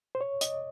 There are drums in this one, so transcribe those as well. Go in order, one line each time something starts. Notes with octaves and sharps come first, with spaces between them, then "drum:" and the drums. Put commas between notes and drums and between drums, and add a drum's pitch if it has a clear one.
C5
C#5
D#5, drum: hi-hat